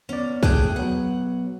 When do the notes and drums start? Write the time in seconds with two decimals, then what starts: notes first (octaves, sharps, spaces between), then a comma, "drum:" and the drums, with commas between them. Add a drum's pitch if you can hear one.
0.09 B3 C#4 D5
0.43 A3 G#4 G5 F#6, drum: kick
0.76 F#3 B3 F#5